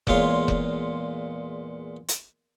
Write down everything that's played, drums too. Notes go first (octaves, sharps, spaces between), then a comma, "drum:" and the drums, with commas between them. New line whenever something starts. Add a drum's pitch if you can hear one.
E2 A#2 G#3 F4 C#5 C6, drum: kick F1
drum: kick F1
drum: hi-hat